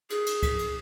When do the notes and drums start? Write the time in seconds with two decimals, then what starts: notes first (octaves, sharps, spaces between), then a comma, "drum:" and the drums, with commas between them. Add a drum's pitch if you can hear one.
0.10 G#4, drum: cymbal
0.26 drum: cymbal
0.43 drum: kick C#2, cymbal
0.59 drum: cymbal